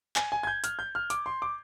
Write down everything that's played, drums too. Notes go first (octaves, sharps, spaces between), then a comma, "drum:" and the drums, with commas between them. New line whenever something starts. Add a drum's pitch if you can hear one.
G#5, drum: clap
G#5
G#6
G6
F6, drum: hi-hat
G6
F6
D6, drum: hi-hat
C6
D6